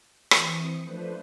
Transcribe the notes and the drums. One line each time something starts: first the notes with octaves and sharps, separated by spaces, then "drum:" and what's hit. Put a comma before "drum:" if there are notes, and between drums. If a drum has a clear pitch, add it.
E3 C4 D#6 C#7, drum: rim click
F3 A3 D4 B4 C5